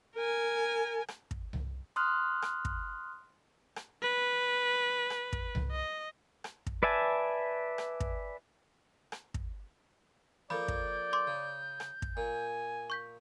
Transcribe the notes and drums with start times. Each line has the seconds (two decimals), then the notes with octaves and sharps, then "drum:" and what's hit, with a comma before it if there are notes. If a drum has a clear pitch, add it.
0.16 A#4 G#5
1.08 drum: rim click
1.31 drum: kick
1.53 drum: tom C2
1.96 C6 D#6 F6 F#6
2.42 drum: rim click
2.65 drum: kick
3.76 drum: rim click
4.02 B4
5.10 drum: rim click
5.33 drum: kick
5.55 drum: tom C2
5.72 D#5
6.44 drum: rim click
6.66 drum: kick
6.83 B4 D5 E5 G#5 A5
7.78 drum: rim click
8.00 drum: kick
9.12 drum: rim click
9.34 drum: kick
10.50 F3 A#3 A4 D5 B5 G6
10.68 drum: kick
11.13 C6 D6
11.27 C#3
11.80 drum: rim click
12.02 drum: kick
12.17 A#2 G#5
12.90 C#6 G6 B6